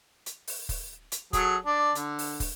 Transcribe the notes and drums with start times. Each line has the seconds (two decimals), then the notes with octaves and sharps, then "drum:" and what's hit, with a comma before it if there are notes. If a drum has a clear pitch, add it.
0.26 drum: hi-hat
0.47 drum: open hi-hat
0.69 drum: kick, open hi-hat
1.12 drum: hi-hat
1.33 F#3 G#4 A4, drum: kick, hi-hat
1.66 D4 D5
1.95 D3, drum: hi-hat
2.19 drum: open hi-hat
2.40 drum: kick, open hi-hat